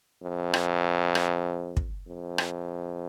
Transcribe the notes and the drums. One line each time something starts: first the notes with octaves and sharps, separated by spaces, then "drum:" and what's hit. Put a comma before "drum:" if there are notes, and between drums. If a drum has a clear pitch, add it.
F2
drum: rim click
drum: rim click
drum: kick
F2
drum: rim click